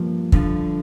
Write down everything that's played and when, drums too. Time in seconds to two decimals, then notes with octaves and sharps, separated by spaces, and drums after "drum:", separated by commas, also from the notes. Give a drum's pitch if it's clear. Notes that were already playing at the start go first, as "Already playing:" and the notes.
Already playing: G2 F3 A#3
0.32 G2 D3 F3, drum: kick